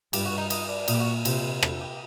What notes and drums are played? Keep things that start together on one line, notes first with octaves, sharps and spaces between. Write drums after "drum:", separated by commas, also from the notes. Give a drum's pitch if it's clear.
G2 G4, drum: cymbal
F#4
D#4
D#4, drum: cymbal
D4
A#2 D#4, drum: cymbal
G4
F#4
C3, drum: cymbal
A4, drum: rim click
G4